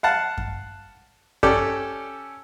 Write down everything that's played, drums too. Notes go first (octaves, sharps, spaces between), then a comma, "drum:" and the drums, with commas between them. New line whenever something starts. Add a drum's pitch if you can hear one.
F5 F#5 A5
drum: kick F#2
C#4 G4 A4 D5, drum: kick F#2